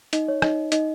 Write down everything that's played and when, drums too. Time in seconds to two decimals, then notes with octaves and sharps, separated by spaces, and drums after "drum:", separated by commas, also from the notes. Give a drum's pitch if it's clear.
0.13 D#4 D#5, drum: hi-hat
0.28 C#5
0.42 D#4 D#5, drum: rim click
0.72 D#4 D#5, drum: hi-hat